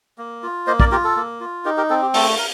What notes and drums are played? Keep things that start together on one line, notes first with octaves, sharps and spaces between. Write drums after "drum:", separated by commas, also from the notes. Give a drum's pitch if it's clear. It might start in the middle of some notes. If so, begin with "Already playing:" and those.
A#3
F4
A#3 C5 D#5
A#4 D5, drum: kick
F4 G4 A#4
A4
A#3
F4
D#4 G4 A#4
G4 A#4
C4 A4
G4
A3 A4, drum: open hi-hat
A#4